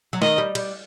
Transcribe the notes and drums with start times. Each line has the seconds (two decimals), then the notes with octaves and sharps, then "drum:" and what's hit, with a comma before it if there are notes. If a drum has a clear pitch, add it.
0.13 F#3
0.22 D#3 D#5, drum: snare
0.38 G3
0.55 G3, drum: cymbal